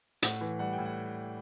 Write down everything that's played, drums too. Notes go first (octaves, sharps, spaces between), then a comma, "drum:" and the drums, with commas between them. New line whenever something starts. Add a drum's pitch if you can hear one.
A2 F#5, drum: hi-hat
E3
G3 F#5
G5
A2
F#5